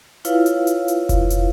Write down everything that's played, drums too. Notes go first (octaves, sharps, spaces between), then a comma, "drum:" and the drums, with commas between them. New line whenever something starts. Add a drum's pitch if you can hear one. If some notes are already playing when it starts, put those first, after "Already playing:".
E4 F4 B4 C#5 F5, drum: hi-hat
drum: hi-hat
drum: hi-hat
drum: hi-hat
drum: kick F1, hi-hat
drum: hi-hat